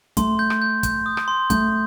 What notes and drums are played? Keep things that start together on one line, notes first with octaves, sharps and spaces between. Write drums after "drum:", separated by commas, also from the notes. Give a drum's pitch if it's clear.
A3 C6, drum: kick, hi-hat
G6
drum: rim click
G6
G6, drum: kick, hi-hat
D#6
drum: rim click
C6
A3 G6, drum: kick, hi-hat